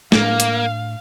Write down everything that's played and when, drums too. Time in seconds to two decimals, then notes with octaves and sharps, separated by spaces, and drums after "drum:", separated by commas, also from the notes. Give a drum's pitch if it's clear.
0.12 A2 A#3 D4 F5, drum: snare
0.40 drum: hi-hat